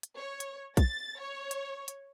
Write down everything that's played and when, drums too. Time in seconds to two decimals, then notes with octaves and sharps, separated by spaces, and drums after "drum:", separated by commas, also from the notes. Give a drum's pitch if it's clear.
0.03 drum: hi-hat
0.17 C#5
0.40 drum: hi-hat
0.77 A6, drum: kick A#1, hi-hat
1.19 C#5
1.51 drum: hi-hat
1.88 drum: hi-hat